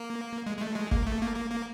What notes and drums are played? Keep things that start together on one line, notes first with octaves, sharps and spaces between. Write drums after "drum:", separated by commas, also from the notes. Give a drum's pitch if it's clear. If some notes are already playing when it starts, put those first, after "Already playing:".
Already playing: A#3
G#3
G#3
A3
G#3
A#3, drum: kick F#1
A3
A#3
A#3
A#3